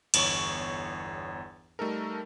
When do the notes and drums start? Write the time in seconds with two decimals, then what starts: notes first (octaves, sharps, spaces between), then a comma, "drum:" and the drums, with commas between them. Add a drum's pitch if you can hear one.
0.14 G1 E2 C#5 C#6, drum: cymbal
1.79 G3 A3 D#4 A4 A#4